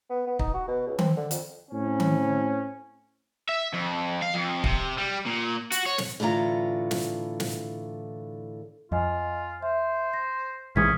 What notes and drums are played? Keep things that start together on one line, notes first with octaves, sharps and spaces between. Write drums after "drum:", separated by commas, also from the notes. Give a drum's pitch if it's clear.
B3
B3
D#4, drum: kick
F#4
B2
C#2
C4, drum: tom D#3
D3
F2, drum: hi-hat
A2 C4 C#4
drum: tom D#3
E5
F2
F5
F2
C3, drum: kick
G3
A#2
F#4, drum: hi-hat
C#5
drum: snare
A2 D3 E3 F4 A#5
drum: snare
drum: snare
F2 F4 D#5 G#5
C5 E5
A#6
A#1 E3 G#3 C#4 D#6 G#6 B6